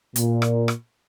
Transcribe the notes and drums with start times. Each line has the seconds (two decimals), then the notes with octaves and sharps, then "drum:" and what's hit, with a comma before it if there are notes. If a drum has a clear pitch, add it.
0.16 A#2, drum: hi-hat
0.42 drum: rim click
0.68 drum: rim click